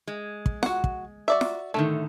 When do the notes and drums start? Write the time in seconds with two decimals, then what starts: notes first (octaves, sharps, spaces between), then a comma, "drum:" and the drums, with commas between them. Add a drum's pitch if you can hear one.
0.07 G#3
0.46 drum: kick
0.63 F#4 F#5, drum: snare
0.84 drum: kick
1.28 F#4 D5 E5
1.41 drum: snare
1.74 A2 D3 D#3 A3